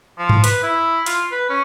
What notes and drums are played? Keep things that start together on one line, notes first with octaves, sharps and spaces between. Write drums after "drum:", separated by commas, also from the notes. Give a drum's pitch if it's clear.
F3
drum: tom G2
B4, drum: hi-hat
E4
F4, drum: hi-hat
B4
C#4